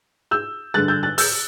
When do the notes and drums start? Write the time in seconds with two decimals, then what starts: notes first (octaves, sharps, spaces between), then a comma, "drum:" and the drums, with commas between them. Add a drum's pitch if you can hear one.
0.31 E6 G6
0.74 G2 D3 F#6 A6
0.88 E6 G6
1.03 F#6 A6
1.18 E6 G6, drum: open hi-hat